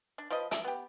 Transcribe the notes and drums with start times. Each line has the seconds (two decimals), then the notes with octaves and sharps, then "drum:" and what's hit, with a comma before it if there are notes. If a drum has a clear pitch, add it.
0.18 D4
0.30 F3 B4 D#5
0.51 E5, drum: hi-hat
0.64 B3 G4